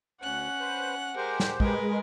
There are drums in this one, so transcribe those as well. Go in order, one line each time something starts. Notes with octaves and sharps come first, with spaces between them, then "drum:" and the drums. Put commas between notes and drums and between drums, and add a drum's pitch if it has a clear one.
D2 C#4 F#5 F#6
B4 C5
G#3 G4 A#4 C5
drum: snare
G#3 A#4 B4, drum: kick